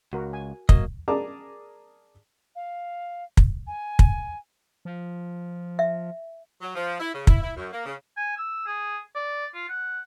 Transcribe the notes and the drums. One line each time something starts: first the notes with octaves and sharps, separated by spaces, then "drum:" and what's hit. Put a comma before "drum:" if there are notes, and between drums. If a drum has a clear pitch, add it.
C#2 F#4 A#4
G#5
F#3 A#3 D#5, drum: kick
G#4 A#4 D5 A5 A#5 D6
F5
drum: kick
G#5
drum: kick
F3
E5
F#3
F3
E4
C#3
E4, drum: kick
E4
F#2
A#3
C#3
G#5
E6
G#4
D5
F4
F#5